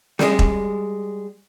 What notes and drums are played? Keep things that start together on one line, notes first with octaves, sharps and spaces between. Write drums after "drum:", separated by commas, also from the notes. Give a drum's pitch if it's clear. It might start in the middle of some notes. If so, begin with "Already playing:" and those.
G3 G#3, drum: snare
drum: kick E1